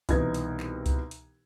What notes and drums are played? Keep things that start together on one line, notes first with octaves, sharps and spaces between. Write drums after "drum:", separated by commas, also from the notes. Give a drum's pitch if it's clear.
C2 B2 E3 D#4 B4 G#6, drum: kick C#2, hi-hat
drum: hi-hat
drum: clap
drum: kick C#2, hi-hat
drum: hi-hat